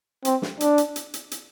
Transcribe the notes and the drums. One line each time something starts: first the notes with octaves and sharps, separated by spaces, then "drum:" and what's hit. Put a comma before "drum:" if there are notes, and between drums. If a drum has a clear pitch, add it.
C4, drum: hi-hat
drum: snare
D4, drum: hi-hat
drum: hi-hat
drum: hi-hat
drum: hi-hat
drum: hi-hat